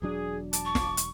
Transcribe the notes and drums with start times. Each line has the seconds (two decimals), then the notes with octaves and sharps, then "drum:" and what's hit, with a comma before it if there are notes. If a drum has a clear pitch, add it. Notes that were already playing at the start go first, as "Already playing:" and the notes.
0.02 E1 F#3 D4 G#4
0.53 A5 D6, drum: hi-hat
0.65 C#6
0.75 drum: snare
0.97 drum: hi-hat